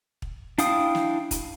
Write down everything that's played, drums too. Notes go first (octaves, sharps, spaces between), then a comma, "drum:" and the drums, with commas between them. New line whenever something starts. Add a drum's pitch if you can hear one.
drum: kick
D4 E4 F5 G5 D#6, drum: hi-hat
drum: snare
drum: kick, hi-hat